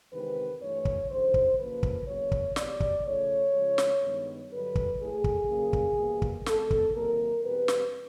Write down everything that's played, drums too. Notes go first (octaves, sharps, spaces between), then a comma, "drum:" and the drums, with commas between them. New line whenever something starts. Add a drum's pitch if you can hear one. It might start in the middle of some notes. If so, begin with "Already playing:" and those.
E2 C3 D#3 G#3 C4 B4
G2 E3 A3 C#5
drum: kick
F#2 D3 G3 C5
drum: kick
C#3 F3 A#3 B4
drum: kick
E2 C#3 F#3 A#3 C#5
drum: kick
E2 B2 G3 D5, drum: snare
drum: kick
C#3 F3 A3 C#5
C#3 F3 G#3
drum: snare
G2 D#3 G#3 B3
G2 D3 F#3 B4
drum: kick
A2 E3 A3 G#4
drum: kick
C#3 F#3 A#3
drum: kick
E2 B2 G3 A#3
drum: kick
B2 G#3 B3 A4, drum: snare
drum: kick
C3 D#3 F#3 A#3 A#4
E2 B2 G3 C4 B4
drum: snare